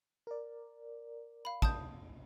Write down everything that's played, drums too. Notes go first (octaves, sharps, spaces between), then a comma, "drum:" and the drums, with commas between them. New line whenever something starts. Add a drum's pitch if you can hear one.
A#4 D5
F5 B5
A5 D#6 G6, drum: kick